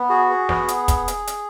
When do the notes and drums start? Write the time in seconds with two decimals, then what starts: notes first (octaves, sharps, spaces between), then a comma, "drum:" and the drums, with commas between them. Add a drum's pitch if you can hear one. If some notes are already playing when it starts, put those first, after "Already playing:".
Already playing: B3
0.09 F#4 G#4
0.29 G#4
0.49 B3, drum: snare
0.68 drum: hi-hat
0.88 drum: kick, hi-hat
1.08 drum: hi-hat
1.27 drum: hi-hat